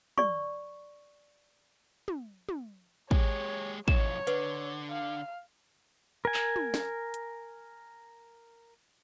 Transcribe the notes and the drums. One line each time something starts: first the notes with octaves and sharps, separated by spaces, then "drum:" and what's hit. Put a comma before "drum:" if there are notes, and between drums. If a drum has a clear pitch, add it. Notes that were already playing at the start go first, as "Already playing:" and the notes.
D5 C#6, drum: tom
drum: tom
drum: tom
G#3 G4 C#5, drum: kick
B1 F2 C#5 E7, drum: kick
D3 B4, drum: hi-hat
F5
A#4 G#5
drum: clap
drum: tom
drum: snare
drum: hi-hat